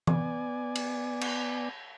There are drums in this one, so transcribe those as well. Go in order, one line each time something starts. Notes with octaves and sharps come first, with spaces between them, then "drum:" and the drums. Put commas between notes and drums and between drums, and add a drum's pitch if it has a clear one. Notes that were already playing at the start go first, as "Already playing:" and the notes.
B3 D5 G#5, drum: tom E3
drum: cymbal
drum: cymbal